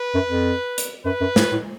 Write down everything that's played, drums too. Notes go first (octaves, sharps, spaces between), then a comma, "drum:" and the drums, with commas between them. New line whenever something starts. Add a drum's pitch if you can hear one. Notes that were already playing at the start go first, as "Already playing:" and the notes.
Already playing: B4
F#2
F2
drum: hi-hat
F#2 B4
F#2
G#2, drum: snare
A2